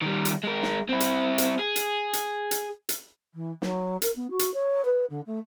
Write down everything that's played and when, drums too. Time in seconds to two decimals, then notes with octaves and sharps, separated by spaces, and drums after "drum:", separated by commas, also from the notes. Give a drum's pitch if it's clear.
0.02 D#3 G3
0.25 drum: hi-hat
0.44 G#3 A#4
0.63 drum: snare
0.89 C4 E4
1.00 drum: hi-hat
1.38 drum: hi-hat
1.59 G#4
1.76 drum: hi-hat
2.13 drum: hi-hat
2.51 drum: hi-hat
2.89 drum: hi-hat
3.34 E3
3.62 F#3, drum: snare
4.02 A#4, drum: hi-hat
4.15 B3
4.30 F#4
4.39 drum: hi-hat
4.53 C#5
4.85 B4
5.10 D3
5.26 A3